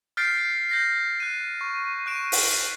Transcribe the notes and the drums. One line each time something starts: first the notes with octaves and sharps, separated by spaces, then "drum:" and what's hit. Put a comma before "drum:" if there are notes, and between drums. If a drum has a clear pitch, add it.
F6 G6 A6 B6 C7 D7
G6 A#6 C7
F#6 D#7
C#6
C#6 F#6 D7 E7
drum: open hi-hat